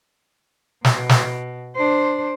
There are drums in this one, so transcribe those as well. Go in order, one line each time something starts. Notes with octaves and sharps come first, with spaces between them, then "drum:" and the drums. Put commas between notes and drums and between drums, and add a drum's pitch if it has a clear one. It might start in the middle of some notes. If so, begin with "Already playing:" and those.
B2, drum: snare
drum: snare
D4 C5